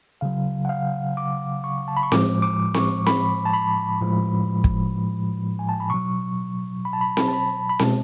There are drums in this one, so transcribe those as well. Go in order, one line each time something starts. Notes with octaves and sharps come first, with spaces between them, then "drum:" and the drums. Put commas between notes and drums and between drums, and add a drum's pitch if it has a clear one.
C#3 F#3 F5
F#5
F5
D6
C#6
A5
B5
C#6
A2 F3 G#3 D6, drum: snare C4
D6
C#6, drum: snare C4
B5, drum: snare C4
A5
B5
A2 F3 G#3
drum: kick
G#5
A5
B5
B2 F#3 C#6
B5
A5
B5
drum: snare C4
A5
B5
B5
B2 G#3 A5, drum: snare C4